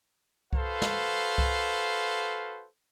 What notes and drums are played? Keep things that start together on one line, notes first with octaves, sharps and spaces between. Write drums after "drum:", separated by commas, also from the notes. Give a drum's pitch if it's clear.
F#4 A4 B4 C5 F5, drum: kick C2
drum: snare
drum: kick C2